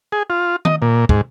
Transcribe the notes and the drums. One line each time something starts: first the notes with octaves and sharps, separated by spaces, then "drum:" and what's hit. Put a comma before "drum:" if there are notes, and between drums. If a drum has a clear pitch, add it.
G#4
F4
D#5, drum: tom D#3
A#2
G#2, drum: kick